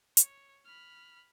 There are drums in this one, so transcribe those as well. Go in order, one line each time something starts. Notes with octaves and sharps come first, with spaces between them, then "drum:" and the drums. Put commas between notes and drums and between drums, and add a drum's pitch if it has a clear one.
C#5, drum: hi-hat
B5 F6